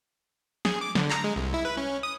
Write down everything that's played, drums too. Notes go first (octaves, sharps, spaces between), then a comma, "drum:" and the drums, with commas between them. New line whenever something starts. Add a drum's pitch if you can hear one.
G#4, drum: snare
D6
D3, drum: snare
A#5, drum: clap
G#3
C2
E4
B4
C#4
D#6